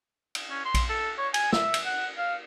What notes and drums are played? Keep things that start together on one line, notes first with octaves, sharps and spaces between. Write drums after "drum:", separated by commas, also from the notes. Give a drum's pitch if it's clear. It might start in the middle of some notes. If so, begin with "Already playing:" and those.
drum: cymbal
C#4
C6
drum: kick A#1, cymbal
A4
C#5
G#5, drum: cymbal
E5, drum: snare
drum: cymbal
F#5
F5